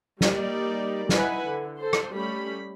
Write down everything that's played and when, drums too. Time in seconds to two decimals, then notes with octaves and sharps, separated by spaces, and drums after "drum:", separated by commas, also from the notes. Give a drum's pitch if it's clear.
0.21 G3 A#3 D#4 D5, drum: snare
1.09 D#4 E4 B4 F#5 G#5, drum: snare
1.46 D3
1.78 A4 C5
1.93 drum: rim click
2.11 G3 A3 C#4 B5